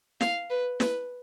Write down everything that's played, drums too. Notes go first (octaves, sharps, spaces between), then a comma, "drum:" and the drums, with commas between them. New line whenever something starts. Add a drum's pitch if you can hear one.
F5, drum: snare
B4
B4, drum: snare